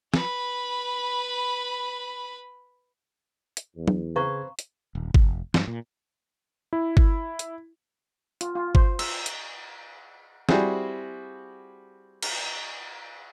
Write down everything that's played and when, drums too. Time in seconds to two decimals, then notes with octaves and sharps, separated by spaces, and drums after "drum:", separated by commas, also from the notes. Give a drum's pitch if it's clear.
0.14 B4 B5, drum: snare
3.57 drum: hi-hat
3.76 E2
3.88 drum: tom
4.16 C#3 C4 G#4 B4 F5 A#5 C#6 G#6
4.59 drum: hi-hat
4.95 D#1
5.14 F1, drum: kick G1
5.54 G2, drum: snare
5.67 A#2
6.73 E4
6.97 drum: kick G1
7.39 drum: hi-hat
8.41 F4, drum: hi-hat
8.55 F4
8.75 C5, drum: kick G1
8.99 E6, drum: cymbal
9.26 drum: hi-hat
10.49 G3 C4 E4 F#4 G#4 C5, drum: snare
12.23 drum: cymbal